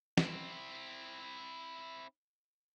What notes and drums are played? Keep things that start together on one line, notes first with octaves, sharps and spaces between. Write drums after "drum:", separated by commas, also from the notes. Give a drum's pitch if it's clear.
C4 E4, drum: snare